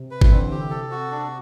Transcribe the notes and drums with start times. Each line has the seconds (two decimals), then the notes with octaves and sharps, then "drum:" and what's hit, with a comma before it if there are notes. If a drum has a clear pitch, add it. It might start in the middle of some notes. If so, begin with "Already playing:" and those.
Already playing: C3
0.11 B4
0.21 E3, drum: kick G1
0.31 D3 C4
0.45 D3
0.51 G4
0.58 C3
0.71 A4
0.91 F#4
1.11 D4